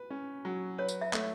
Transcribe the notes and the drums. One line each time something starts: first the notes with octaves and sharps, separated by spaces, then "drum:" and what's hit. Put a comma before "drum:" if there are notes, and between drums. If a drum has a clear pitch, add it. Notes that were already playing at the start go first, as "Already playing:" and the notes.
Already playing: B4
C#4
F#3
B4 C#5
drum: tambourine
E5
A3, drum: clap